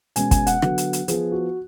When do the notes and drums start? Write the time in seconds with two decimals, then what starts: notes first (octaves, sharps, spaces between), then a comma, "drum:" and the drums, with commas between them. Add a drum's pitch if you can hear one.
0.16 B2 G#3 C#4 G#5, drum: hi-hat
0.31 G#5, drum: kick, hi-hat
0.47 F#5, drum: hi-hat
0.62 D3 F#3 B3, drum: rim click
0.78 drum: hi-hat
0.93 drum: hi-hat
1.08 F3 B3 G#4, drum: hi-hat
1.32 F#4